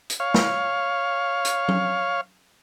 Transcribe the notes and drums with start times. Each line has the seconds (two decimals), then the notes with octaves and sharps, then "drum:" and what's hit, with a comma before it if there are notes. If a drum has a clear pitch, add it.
0.10 drum: hi-hat
0.20 C#5 F5
0.34 drum: snare
1.45 drum: hi-hat
1.68 drum: tom F#3